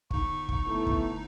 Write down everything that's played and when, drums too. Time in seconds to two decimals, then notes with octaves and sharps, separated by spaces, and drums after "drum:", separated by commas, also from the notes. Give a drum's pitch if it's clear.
0.11 G1 D#4 C#6, drum: kick
0.49 drum: kick
0.67 A3 B3 E4
0.87 drum: kick